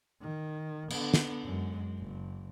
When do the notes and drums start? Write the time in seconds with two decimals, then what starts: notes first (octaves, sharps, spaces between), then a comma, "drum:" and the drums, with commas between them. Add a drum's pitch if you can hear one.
0.22 D#3
0.90 D3 B3, drum: cymbal
1.14 drum: snare
1.44 F#2 G#3
1.99 F#1